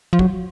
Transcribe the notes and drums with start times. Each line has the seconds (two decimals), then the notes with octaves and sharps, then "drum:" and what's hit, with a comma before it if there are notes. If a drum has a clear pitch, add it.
0.13 F3
0.19 F#3, drum: kick